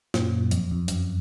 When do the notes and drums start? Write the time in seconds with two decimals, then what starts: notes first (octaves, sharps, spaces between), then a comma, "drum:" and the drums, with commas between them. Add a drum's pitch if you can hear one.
0.14 F#2 A#2, drum: snare
0.51 F2, drum: hi-hat
0.71 F2
0.88 F#2, drum: hi-hat